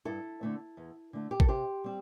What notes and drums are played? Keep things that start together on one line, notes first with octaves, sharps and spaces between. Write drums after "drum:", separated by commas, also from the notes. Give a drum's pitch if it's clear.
G2 E4 A4
D3 A3 C4
E2
D3 A3
G4
A4, drum: kick
C3 G4 C5
G3 C4